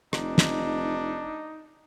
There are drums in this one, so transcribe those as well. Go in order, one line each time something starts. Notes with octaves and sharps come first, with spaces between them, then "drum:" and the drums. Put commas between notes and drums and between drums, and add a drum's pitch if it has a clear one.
F1 D4 D#4, drum: rim click
drum: snare